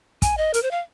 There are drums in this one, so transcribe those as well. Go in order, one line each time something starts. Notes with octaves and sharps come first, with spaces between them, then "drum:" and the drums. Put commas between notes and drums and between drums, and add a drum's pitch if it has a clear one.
G#5, drum: kick, hi-hat
D#5
A#4, drum: hi-hat
C5
F5